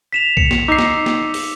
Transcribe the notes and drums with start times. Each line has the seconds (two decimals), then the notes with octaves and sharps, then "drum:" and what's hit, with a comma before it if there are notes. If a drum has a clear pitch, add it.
0.12 B6 E7 F7
0.37 C#7, drum: kick C2
0.51 drum: snare
0.68 D#4 D6 E6 C7
0.79 drum: snare
1.06 drum: snare
1.34 drum: open hi-hat